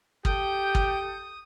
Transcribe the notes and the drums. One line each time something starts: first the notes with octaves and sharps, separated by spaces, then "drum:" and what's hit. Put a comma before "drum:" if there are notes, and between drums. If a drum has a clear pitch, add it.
G4 A4 G5 D#6 G6, drum: kick
drum: kick